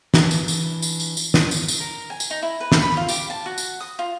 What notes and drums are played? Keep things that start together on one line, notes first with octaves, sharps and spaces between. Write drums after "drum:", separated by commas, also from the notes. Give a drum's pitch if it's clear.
E3 D4, drum: snare
drum: tambourine
drum: tambourine
drum: tambourine
drum: tambourine
drum: tambourine
drum: snare
drum: tambourine
drum: tambourine
A#4
G#5
drum: tambourine
D#4
E4
B4
drum: snare
B5
F4
G4, drum: tambourine
A5
F#4
drum: tambourine
D#6
F4